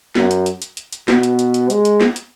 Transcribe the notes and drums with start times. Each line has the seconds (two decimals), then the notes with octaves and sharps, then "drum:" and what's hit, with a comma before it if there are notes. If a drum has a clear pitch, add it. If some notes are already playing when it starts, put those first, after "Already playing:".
0.15 F#2, drum: snare
0.31 drum: hi-hat
0.46 drum: hi-hat
0.62 drum: hi-hat
0.77 drum: hi-hat
0.93 drum: hi-hat
1.08 B2, drum: snare
1.23 drum: hi-hat
1.39 drum: hi-hat
1.54 drum: hi-hat
1.70 G#3, drum: hi-hat
1.85 drum: hi-hat
2.01 drum: snare
2.16 drum: hi-hat